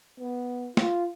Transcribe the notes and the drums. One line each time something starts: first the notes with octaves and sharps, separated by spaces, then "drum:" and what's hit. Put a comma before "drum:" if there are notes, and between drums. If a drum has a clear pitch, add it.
B3
F4, drum: snare